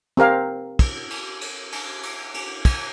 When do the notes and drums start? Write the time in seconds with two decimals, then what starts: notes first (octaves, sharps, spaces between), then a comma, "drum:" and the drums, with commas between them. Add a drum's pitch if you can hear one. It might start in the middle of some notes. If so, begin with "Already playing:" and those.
0.17 C4 G4 A#4 F5
0.79 drum: kick, cymbal
1.10 drum: cymbal
1.41 drum: cymbal
1.72 drum: cymbal
2.03 drum: cymbal
2.34 drum: cymbal
2.65 drum: kick, cymbal